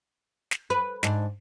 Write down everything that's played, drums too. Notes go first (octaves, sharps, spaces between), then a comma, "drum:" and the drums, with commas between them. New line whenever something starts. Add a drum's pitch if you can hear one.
drum: snare
B4
G#2 D4, drum: snare